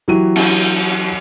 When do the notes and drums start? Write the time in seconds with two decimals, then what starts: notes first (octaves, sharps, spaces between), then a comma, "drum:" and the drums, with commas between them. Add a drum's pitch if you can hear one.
0.08 E3 F#3 G4 D#7
0.36 drum: cymbal